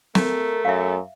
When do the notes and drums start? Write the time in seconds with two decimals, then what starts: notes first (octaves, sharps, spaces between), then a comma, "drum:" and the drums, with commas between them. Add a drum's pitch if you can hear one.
0.15 A3 A#4, drum: snare
0.65 F#2 E5 F5